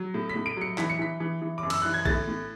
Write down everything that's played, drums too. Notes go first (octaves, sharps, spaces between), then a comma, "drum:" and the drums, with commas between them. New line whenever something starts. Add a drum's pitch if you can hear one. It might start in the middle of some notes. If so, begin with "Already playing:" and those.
Already playing: F#3
A2
B6
A2
D7
F#3 C#7
E3 B6, drum: clap
C#7
E3 B6
E3
E3
D6
F#2
E6, drum: cymbal
E3 F#6
G#6
A2 A6, drum: kick A#1
A2